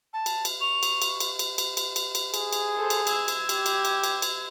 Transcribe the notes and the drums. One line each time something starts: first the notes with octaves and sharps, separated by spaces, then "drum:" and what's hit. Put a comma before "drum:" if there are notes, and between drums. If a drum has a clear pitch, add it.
A5
drum: cymbal
drum: cymbal
C#6 F7
drum: cymbal
drum: cymbal
drum: cymbal
drum: cymbal
drum: cymbal
drum: cymbal
drum: cymbal
drum: cymbal
G#4, drum: cymbal
drum: cymbal
A4 C5
drum: cymbal
E6 G#6, drum: cymbal
drum: cymbal
G4, drum: cymbal
drum: cymbal
drum: cymbal
drum: cymbal
drum: cymbal